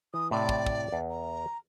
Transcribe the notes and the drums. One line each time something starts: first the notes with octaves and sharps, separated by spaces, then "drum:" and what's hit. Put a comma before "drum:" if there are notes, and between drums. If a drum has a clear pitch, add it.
E3 D#6
A2 C3 D5
drum: kick
drum: kick
E2
A#5